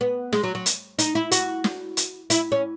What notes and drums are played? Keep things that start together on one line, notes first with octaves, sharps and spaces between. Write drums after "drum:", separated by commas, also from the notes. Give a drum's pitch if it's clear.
B3
G#3, drum: snare
F#3
F#3
drum: hi-hat
D#4, drum: hi-hat
E4
F#4, drum: hi-hat
drum: snare
drum: hi-hat
E4, drum: hi-hat
C#4